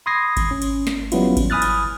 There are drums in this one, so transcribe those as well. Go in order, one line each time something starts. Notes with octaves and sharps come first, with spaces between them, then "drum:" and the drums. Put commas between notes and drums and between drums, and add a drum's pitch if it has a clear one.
B5 C6 D#6 G#6 A#6 C7
drum: kick G#1, cymbal
C#4
drum: cymbal
drum: snare
F#3 G3 B3 C#4 E4 F4, drum: cymbal
drum: kick G#1, cymbal
G#5 B5 D#6 F6 F#6 A6
drum: cymbal